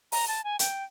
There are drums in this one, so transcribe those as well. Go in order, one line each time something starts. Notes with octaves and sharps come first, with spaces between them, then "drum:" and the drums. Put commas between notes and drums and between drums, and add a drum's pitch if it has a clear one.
A#5, drum: open hi-hat
A5
G#5
G5, drum: hi-hat